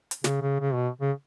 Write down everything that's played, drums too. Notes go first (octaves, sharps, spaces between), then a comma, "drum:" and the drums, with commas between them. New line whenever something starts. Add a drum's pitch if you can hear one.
drum: hi-hat
C#3, drum: snare
C#3
C#3
B2
C#3